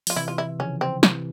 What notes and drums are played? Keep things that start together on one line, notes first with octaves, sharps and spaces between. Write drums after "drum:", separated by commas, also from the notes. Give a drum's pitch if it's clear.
F3 F4, drum: open hi-hat
C3 E3 E4
F4
E4
C#3 F3 C#4
C4
C3 E3, drum: snare